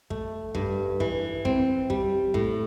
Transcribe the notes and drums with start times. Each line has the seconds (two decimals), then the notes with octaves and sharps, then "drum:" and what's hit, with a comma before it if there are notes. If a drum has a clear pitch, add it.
0.10 A3, drum: kick
0.55 G2, drum: kick
1.00 E3, drum: kick
1.45 C4, drum: kick
1.90 G3, drum: kick
2.34 A2, drum: kick